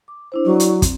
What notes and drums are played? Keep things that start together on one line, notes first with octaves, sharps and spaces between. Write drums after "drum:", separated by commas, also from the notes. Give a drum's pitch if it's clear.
D6
D4 E4 C5
F#3 E4 D5 C#6
drum: hi-hat
C4, drum: kick, hi-hat